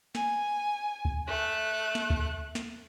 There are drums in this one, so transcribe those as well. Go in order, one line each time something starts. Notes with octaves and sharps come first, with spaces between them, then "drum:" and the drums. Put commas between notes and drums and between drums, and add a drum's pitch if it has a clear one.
G#5, drum: snare
drum: kick D2
A3 F#6
drum: snare
drum: kick D2
drum: snare